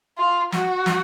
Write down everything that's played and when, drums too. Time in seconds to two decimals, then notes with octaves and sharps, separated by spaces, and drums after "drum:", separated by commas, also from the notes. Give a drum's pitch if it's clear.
0.18 F4
0.52 F#4, drum: snare
0.86 drum: snare